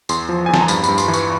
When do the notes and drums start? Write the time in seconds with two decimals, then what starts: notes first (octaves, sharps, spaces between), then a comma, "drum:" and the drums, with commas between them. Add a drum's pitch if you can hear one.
0.09 E2 C6, drum: tambourine
0.29 F3
0.46 E2 G#5
0.54 A5, drum: snare
0.61 A#5
0.68 G2 B5, drum: tambourine
0.84 G2 B5, drum: tambourine
0.98 C6, drum: tambourine
1.08 E3
1.13 C#6, drum: tambourine